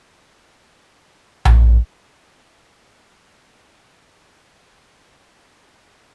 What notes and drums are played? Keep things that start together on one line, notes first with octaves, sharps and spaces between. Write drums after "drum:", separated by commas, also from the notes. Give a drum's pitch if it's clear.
C4 G4
drum: tom A#1
G#2
D#5
A#4
F3 C4 E5 G5 G6